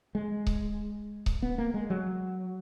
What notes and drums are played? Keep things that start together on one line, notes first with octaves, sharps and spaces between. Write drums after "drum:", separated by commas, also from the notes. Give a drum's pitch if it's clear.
G#3
drum: kick C#1
drum: kick C#1
B3
A#3
G#3
F#3